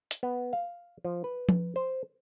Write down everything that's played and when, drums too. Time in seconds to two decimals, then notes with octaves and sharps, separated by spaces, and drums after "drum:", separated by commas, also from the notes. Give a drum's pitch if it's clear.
0.11 drum: hi-hat
0.23 B3
0.53 F5
1.05 F3
1.24 B4
1.49 drum: tom
1.76 C5